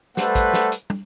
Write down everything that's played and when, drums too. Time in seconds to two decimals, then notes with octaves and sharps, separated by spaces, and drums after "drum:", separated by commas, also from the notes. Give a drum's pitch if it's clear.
0.17 G3 A3 A4 B4 C5 F#5, drum: snare
0.35 drum: kick A1, hi-hat
0.54 drum: snare
0.72 drum: hi-hat
0.90 drum: tom